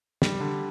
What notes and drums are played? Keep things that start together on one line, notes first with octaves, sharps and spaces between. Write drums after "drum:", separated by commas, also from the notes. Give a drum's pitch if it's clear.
G3, drum: snare
D3